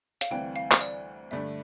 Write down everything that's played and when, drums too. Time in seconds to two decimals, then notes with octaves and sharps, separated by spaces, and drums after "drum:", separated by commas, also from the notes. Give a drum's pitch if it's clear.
0.21 F5, drum: hi-hat
0.30 D2 C3 E3 G3 C4 G5
0.56 F5
0.71 C5, drum: clap
0.81 D5
1.31 G2 D3 A3 D4 E5